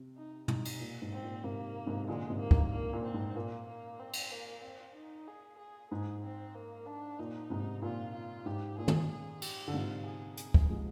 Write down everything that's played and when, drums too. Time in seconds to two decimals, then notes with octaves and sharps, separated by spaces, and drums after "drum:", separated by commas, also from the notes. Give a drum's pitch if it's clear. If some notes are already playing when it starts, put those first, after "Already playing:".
Already playing: C3
0.17 D#4
0.48 D#4, drum: tom
0.65 drum: cymbal
0.80 A#2
1.02 G#2
1.13 C4
1.23 A#2
1.44 G#2 C3 A#3
1.86 G#2 C3
2.07 A#2 D3 G#3
2.30 G#2 C3
2.40 A#3
2.51 G#2, drum: kick
2.71 A#2 A#3
2.93 A#2
3.04 C4
3.14 G#2
3.35 A#2 A#3
3.68 A#3
3.99 C4
4.13 drum: cymbal
4.31 A#3
4.63 C4
4.95 D#4
5.27 G#4
5.59 G#4
5.91 G#2 G#4
6.23 C4
6.55 A#3
6.87 D4
7.19 A#2 D#4
7.50 G#2 C3
7.82 A#2 F4
8.14 F4
8.46 G#2 G4
8.78 A#2 G#4
8.88 drum: tom
9.10 G#4
9.42 G4, drum: cymbal
9.68 D3
9.74 G#2 C3 F4
10.06 G#4
10.37 G#4, drum: hi-hat
10.54 drum: kick
10.69 F3 G#3